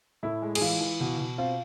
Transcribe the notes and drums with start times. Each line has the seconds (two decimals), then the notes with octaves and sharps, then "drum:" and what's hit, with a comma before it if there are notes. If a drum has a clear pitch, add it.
0.23 A2 E4
0.42 G#3
0.55 G#4, drum: cymbal
0.61 E3 F4
0.81 E3
1.00 B2
1.18 B2
1.38 C4 F4